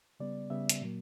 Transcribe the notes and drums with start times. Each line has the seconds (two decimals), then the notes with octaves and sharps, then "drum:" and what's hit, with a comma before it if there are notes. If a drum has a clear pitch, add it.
0.20 C#3 G3 B3 D5
0.50 C#3 G3 B3 E5
0.69 drum: hi-hat
0.82 A#2 F#3 A#3